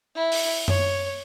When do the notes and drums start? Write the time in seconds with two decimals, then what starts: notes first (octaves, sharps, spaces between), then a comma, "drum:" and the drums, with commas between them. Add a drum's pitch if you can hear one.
0.15 E4
0.32 drum: open hi-hat
0.68 C#5, drum: tom F#2